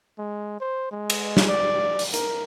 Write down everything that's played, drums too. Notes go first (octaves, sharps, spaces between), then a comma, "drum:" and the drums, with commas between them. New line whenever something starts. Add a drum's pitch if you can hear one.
G#3
C5
G#3
drum: cymbal
drum: snare
D5
drum: open hi-hat
A#4, drum: hi-hat